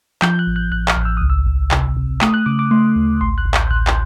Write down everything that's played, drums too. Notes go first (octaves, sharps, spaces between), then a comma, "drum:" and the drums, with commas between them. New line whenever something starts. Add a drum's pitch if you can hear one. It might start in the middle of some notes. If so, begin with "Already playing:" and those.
F3 G6, drum: clap
F#6
A1
F#6
A1 F#6
F6, drum: clap
A1
E6
C#2 D#6
E6
C#2
C3, drum: clap
C3
A3 D#6, drum: clap
F#6
C#3 D6
D6
A3 C6
D2
A1 C6
F#6
A1
G6, drum: clap
A1 F#6
drum: clap